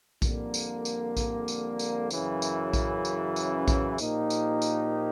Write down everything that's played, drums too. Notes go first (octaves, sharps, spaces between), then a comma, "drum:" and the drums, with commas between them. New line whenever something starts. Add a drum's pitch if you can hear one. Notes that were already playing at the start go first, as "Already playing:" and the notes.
F2 D3 G3 A#3, drum: kick A#1, tambourine
drum: tambourine
drum: tambourine
drum: kick A#1, tambourine
drum: tambourine
drum: tambourine
F#2 C#3 E3, drum: tambourine
drum: tambourine
drum: kick A#1, tambourine
drum: tambourine
drum: tambourine
drum: kick A#1, tambourine
A#2 F3 A#3 D#4 G4, drum: tambourine
drum: tambourine
drum: tambourine